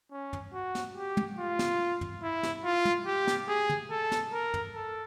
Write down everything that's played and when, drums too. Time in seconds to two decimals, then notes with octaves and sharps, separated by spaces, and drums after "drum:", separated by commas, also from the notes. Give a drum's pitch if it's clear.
0.12 C#4
0.33 drum: tom
0.53 F#4
0.75 drum: snare
0.96 G4
1.17 drum: tom
1.38 F4
1.59 drum: snare
2.01 drum: tom
2.22 E4
2.43 drum: snare
2.64 F4
2.85 drum: tom
3.06 G4
3.27 drum: snare
3.49 G#4
3.69 drum: tom
3.91 A4
4.12 drum: snare
4.32 A#4
4.54 drum: tom
4.74 A4